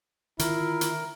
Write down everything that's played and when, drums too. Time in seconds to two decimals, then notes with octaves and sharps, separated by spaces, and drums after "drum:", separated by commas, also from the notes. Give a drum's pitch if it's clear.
0.39 D3 D#3 E4 F4 A#4, drum: hi-hat
0.81 drum: hi-hat